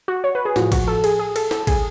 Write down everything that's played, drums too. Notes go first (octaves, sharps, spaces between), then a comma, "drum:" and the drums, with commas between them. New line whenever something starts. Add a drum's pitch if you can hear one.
F#4
C#5
B4
G#4
A2 F3 F#4, drum: snare
F#4, drum: kick, cymbal
A4
G#4, drum: cymbal
G#4
A4, drum: cymbal
A4, drum: snare
G#4, drum: kick, cymbal